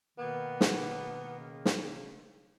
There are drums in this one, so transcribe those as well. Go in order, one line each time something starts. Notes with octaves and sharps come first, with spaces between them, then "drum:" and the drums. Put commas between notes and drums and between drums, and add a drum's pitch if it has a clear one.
B2 D#3 A#3 B3
drum: snare
C#3
drum: snare